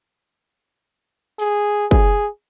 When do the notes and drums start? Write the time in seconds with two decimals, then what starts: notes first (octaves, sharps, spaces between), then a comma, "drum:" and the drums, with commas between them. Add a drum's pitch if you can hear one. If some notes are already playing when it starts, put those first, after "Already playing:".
1.39 G#4, drum: open hi-hat
1.91 G#4, drum: kick